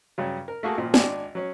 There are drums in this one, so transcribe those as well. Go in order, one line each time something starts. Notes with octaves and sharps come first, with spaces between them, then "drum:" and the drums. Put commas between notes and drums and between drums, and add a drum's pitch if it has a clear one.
G2 C#3 F#3
A#4
A3 A#3 F#4 G#4 A4
G#1 A#2 F3
G#1 D4 D5 G#5, drum: snare
F#3 C#4